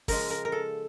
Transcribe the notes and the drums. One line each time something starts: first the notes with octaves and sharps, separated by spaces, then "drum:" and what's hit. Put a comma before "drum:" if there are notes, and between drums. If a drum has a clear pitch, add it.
C#3 F3 G#3 A#4, drum: kick, open hi-hat
A#4
A#4
A4